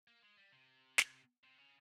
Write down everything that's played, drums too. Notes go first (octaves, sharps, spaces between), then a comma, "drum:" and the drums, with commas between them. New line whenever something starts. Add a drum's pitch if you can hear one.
A#3
G#3
G3
C3
drum: snare
C3
C#3